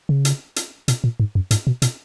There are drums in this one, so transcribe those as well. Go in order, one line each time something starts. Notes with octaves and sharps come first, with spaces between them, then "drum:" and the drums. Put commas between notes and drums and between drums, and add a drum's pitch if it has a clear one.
C#3
drum: hi-hat
drum: hi-hat
B2, drum: hi-hat
A#2
G#2
F#2
G#2, drum: hi-hat
B2
B2, drum: hi-hat